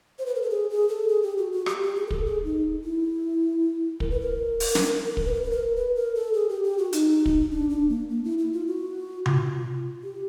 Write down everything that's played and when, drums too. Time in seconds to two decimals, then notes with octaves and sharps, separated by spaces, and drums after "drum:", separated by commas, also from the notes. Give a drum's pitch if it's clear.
0.19 C5
0.26 B4
0.35 A#4
0.42 A4
0.50 G#4
0.70 G#4
0.89 A4
1.08 G#4
1.22 G4
1.37 F#4
1.52 F#4
1.66 G4, drum: rim click
1.82 G4
1.96 G#4
2.07 A#4
2.10 A4, drum: kick
2.25 G#4
2.44 D#4
2.84 E4
4.00 A#4, drum: kick
4.10 B4
4.21 A#4
4.60 drum: open hi-hat
4.75 drum: snare
5.17 A#4, drum: kick
5.25 B4
5.34 A#4
5.43 B4
5.51 A#4
5.76 B4
5.95 A#4
6.15 A4
6.34 G#4
6.49 G4
6.64 G4
6.78 F#4
6.93 D#4, drum: hi-hat
7.26 drum: kick
7.51 D4
7.70 D4
7.89 A#3
8.09 A#3
8.24 E4
8.38 E4
8.53 F4
8.67 F#4
9.26 F4, drum: tom C3
10.03 G4